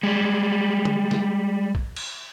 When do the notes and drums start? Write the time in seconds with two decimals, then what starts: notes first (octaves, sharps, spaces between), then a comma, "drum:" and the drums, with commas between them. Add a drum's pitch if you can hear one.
0.03 G3 G#3
0.85 drum: tom D3
1.11 drum: snare
1.75 drum: kick
1.96 drum: cymbal